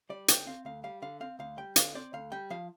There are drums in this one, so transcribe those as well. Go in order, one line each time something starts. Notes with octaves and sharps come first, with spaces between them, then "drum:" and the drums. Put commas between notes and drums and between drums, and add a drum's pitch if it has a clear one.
G3 D5
D3 G5, drum: hi-hat
C4 F5
D2 F5
G3 F5
D3 F5
C4 F5
D2 F5
G3 G5
D3 F5, drum: hi-hat
C4 D5
D2 F5
G3 G5
F3 F5